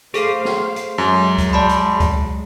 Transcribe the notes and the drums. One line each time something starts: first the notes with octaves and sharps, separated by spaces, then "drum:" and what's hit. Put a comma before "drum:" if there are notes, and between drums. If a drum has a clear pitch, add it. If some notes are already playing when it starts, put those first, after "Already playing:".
A3 G#4 A4 C5 F5, drum: hi-hat
drum: snare
drum: hi-hat
F#2 F#3 G#3
drum: kick C#2, hi-hat
D5 A5 B5
drum: hi-hat
drum: kick C#2, hi-hat